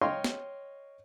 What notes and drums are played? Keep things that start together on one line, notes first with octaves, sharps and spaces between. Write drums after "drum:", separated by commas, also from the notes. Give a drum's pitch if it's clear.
C#5 D#5 F5 G5 C6 C#6
drum: snare